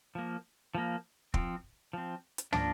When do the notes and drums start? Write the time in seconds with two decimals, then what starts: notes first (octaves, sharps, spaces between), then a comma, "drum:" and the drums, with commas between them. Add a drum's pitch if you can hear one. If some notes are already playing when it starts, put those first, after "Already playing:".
0.15 F3 A#3
0.75 F3 A#3
1.34 F3 C4, drum: kick
1.93 F3 C4
2.38 drum: hi-hat
2.53 F3 A#3 D4, drum: tom